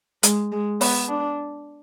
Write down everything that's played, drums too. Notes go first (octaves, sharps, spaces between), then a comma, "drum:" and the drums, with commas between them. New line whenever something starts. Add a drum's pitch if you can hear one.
G#3, drum: hi-hat
G#3
B3, drum: open hi-hat
D4